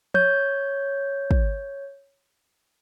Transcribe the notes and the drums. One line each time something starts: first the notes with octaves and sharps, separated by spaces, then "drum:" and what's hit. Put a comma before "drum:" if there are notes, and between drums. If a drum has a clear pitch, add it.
C#5 G6, drum: tom F3
drum: kick